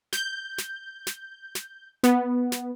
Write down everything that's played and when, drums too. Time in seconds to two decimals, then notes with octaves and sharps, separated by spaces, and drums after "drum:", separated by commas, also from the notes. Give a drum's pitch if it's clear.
0.13 G6, drum: snare
0.58 drum: snare
1.07 drum: snare
1.55 drum: snare
2.03 B3, drum: snare
2.52 drum: snare